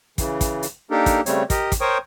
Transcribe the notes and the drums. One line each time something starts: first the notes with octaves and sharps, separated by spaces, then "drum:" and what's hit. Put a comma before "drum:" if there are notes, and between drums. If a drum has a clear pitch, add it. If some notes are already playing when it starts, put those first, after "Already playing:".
C#3 E3, drum: kick, hi-hat
drum: kick, hi-hat
drum: hi-hat
A#3 D4 D#4 G4 A4 A#4
drum: kick, hi-hat
C#3 G3 A3 C4 C#5, drum: hi-hat
G4 A#4 D#5, drum: kick, hi-hat
drum: kick, hi-hat
A#4 C5 C#5 G5 C#6 D#6